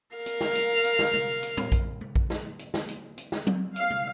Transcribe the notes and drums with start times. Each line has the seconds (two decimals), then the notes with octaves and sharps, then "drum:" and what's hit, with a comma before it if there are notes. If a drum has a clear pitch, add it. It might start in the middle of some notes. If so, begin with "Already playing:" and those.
0.16 A#4 F5
0.26 drum: hi-hat
0.41 drum: snare
0.55 drum: hi-hat
0.84 drum: hi-hat
0.99 drum: snare
1.14 drum: tom
1.43 drum: hi-hat
1.57 drum: tom
1.72 drum: kick A#1, hi-hat
2.01 drum: tom
2.16 drum: kick A#1
2.30 drum: snare
2.59 drum: hi-hat
2.74 drum: snare
2.88 drum: hi-hat
3.18 drum: hi-hat
3.32 drum: snare
3.47 drum: tom F#3
3.76 F5, drum: hi-hat
3.90 drum: tom